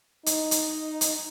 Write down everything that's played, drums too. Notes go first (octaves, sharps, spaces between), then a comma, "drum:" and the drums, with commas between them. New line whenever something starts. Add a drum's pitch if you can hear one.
D#4, drum: hi-hat
drum: hi-hat
drum: hi-hat